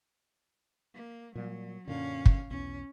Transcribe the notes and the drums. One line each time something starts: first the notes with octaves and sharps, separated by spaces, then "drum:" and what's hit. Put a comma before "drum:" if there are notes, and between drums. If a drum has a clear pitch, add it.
A#3
A#2 F#3 G3
F#2 A#2 D3 C#4 F5
drum: kick
B1 E2 C#4